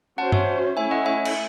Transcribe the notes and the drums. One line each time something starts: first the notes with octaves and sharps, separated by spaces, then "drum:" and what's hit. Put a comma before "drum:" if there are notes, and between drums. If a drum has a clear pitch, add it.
C#4 F#4 C5 F#5 A5
C#5 E5, drum: tom G2
A3 C#4 E4 E5 G#5
D#5 F#5
E5 G#5
drum: cymbal